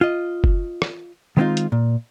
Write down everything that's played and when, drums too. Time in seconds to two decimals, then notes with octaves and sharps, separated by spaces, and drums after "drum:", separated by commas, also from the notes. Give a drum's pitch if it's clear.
0.01 F4 D#5
0.44 drum: kick F#1
0.82 drum: rim click
1.37 D#3 G#3 B3 C4 D#4 F4
1.57 drum: hi-hat
1.72 A#2